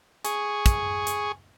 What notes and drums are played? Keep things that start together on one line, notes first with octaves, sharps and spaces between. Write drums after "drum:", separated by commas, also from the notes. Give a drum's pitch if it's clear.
G#4 C#6, drum: hi-hat
drum: kick, hi-hat
drum: hi-hat